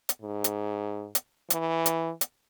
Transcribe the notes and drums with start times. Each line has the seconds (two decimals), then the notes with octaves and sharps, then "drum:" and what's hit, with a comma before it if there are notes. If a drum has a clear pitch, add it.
0.09 drum: hi-hat
0.22 G#2
0.44 drum: hi-hat
1.15 drum: hi-hat
1.50 E3, drum: hi-hat
1.86 drum: hi-hat
2.21 drum: hi-hat